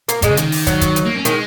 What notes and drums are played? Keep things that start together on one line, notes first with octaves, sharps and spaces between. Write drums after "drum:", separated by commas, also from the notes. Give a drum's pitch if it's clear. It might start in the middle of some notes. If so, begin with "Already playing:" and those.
A#3, drum: hi-hat
A#2 G#3, drum: kick, hi-hat
C#3
D#3, drum: hi-hat
drum: open hi-hat
F#3, drum: kick, hi-hat
drum: kick, hi-hat
drum: hi-hat
A#3
C#4
D#3 G#3, drum: hi-hat